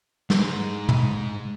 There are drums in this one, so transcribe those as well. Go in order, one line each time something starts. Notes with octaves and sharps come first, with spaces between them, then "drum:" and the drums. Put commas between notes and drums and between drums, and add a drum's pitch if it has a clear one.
G#2 G#3, drum: snare
drum: tom